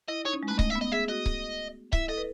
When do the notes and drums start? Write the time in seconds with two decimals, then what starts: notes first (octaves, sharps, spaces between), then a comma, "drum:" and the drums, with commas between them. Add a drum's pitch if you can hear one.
0.08 E4 D#5
0.25 D#4 C#5
0.33 C#4
0.43 G#3
0.48 A3 B4
0.59 A3 D#5, drum: kick C#1
0.70 E5
0.75 B3
0.81 D#5
0.92 G#4 E5
1.08 F#4 D#5
1.26 drum: kick C#1
1.93 E4 E5, drum: kick C#1
2.09 A4 D#5
2.18 B4